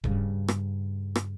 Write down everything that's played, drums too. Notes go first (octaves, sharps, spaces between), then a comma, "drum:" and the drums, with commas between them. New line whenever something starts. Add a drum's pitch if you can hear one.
G2 C#3, drum: kick D#1
drum: rim click
drum: rim click